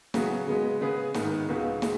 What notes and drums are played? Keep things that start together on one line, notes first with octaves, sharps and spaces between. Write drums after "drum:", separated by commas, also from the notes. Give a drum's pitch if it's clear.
C#3 F#3 B3 F#4, drum: snare
C#3 G#3 B3
C#3 B3 G#4 B4
G#2 D#3 B3, drum: snare
C#2 C#3 B3 F#4 B4
C#3 G#3, drum: snare